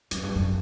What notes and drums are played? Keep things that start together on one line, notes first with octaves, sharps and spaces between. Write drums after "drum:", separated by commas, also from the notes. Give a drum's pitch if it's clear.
F#2, drum: hi-hat
G2
F#2